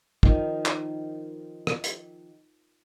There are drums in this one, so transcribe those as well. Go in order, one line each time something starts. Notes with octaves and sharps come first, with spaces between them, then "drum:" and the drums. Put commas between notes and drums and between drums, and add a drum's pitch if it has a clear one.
D#3 F3, drum: kick
drum: clap
drum: rim click
drum: hi-hat